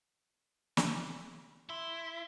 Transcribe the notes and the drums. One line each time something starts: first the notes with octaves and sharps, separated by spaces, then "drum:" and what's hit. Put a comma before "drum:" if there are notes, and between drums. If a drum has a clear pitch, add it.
drum: snare
E4 C6